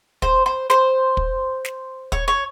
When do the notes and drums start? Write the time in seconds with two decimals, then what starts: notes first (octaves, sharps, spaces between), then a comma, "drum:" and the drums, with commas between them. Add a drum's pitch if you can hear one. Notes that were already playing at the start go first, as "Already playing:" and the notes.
0.22 C5, drum: kick
0.46 C5
0.70 C5, drum: snare
1.17 drum: kick
1.65 drum: snare
2.12 C#5, drum: kick
2.28 C#5